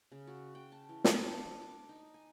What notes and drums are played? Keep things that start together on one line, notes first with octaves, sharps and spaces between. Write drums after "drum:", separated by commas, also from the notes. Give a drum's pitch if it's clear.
C#3
F#4
G5
A5
E3
D4, drum: snare
D6
D#4
G#5